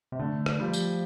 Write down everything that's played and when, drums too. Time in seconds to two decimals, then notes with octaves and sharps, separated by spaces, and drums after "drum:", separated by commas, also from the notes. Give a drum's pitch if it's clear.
0.12 C3
0.19 D3 A3
0.46 drum: rim click
0.59 F3 G3
0.73 drum: tambourine